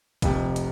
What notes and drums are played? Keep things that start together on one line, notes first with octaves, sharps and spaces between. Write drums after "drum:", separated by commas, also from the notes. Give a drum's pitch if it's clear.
F1 F2 C3, drum: kick, hi-hat
drum: hi-hat